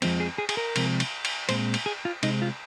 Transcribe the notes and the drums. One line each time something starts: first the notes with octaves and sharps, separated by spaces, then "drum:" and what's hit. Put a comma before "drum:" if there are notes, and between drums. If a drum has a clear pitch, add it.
F2 F3 G#3 C4, drum: cymbal
G#4
G#4
G#4, drum: cymbal
A#4
C3 F3 G#3 C4, drum: cymbal
drum: cymbal
drum: cymbal
A#2 G#3 C4 C5, drum: cymbal
drum: cymbal
G#4
F4
C3 G#3 C4 D#4, drum: cymbal
F4